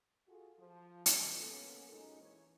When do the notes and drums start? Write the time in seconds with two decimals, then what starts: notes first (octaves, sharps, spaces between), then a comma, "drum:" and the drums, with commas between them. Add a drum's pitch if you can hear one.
0.27 F4 F#4 G#4 A4
0.58 F3
1.06 B2 D3 G#3 G4, drum: hi-hat
1.38 A#3 B3 C#4 A4
1.89 F#2 A#2 G#3 C#4 D#4
2.19 E3 C#5